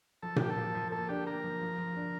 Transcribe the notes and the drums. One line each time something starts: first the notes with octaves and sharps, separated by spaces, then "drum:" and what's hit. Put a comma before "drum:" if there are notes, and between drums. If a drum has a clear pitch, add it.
F3 A4
A#3 G4, drum: tom A#2
A4
F3
F3
A#3 A4
D4 G4
A#3 A#4
F3
F3
F3
D4